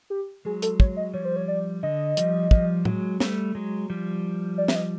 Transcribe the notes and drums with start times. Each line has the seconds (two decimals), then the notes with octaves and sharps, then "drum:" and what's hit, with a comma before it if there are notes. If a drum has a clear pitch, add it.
0.10 G4
0.45 F#3 G#3 G#4
0.62 A4, drum: hi-hat
0.80 C#5, drum: kick
0.97 D#5
1.14 F3 G3 C#5
1.25 C5
1.36 C#5
1.48 D5
1.83 D3 D#5
2.17 F3 G3, drum: hi-hat
2.51 F3 G3, drum: kick
2.85 F#3 G#3, drum: tom A2
3.20 G3 A3, drum: snare
3.55 F#3 G#3
3.90 F3 G3
4.58 D5
4.68 E5, drum: snare
4.76 D#5